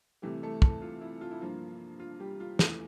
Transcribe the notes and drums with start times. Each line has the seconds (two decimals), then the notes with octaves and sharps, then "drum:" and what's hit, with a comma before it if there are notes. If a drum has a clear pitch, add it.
0.22 C3 E3 G3 A3 G4
0.43 A3 A4
0.62 A3 A4, drum: kick
0.82 F4
1.01 E4
1.21 F4
1.31 E4
1.41 G2 F3 A#3 F4
2.00 F4
2.20 G3 G4
2.40 F4
2.59 E2 E3 A3 A4, drum: snare